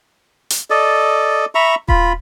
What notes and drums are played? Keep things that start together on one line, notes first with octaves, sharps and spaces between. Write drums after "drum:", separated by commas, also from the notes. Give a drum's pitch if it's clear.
drum: hi-hat
A4 D5 D#5
E5 A#5 B5 C#6
F4 B5, drum: kick D#1